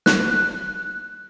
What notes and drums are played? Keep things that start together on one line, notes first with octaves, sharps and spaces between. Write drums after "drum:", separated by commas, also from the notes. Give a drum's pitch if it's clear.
F#6, drum: snare